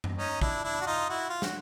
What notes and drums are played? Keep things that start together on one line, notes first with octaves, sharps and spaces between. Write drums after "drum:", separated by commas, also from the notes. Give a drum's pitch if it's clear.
drum: tom F#2
C#4 D#4
D4 E4, drum: kick
D4 E4
F#4
D#4 F4
E4 F#4
F4
F#4, drum: snare